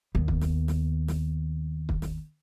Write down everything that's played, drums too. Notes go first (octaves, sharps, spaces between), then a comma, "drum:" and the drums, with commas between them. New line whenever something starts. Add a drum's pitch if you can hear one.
D#2 B3
drum: kick
drum: snare
drum: snare
drum: snare
drum: kick
drum: snare